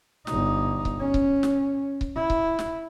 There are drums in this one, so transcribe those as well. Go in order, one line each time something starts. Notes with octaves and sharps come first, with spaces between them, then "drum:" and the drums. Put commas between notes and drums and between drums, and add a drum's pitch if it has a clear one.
G1 D#4, drum: snare
drum: kick C#1
C#4
drum: kick C#1
drum: snare
drum: kick C#1
E4
drum: kick C#1
drum: snare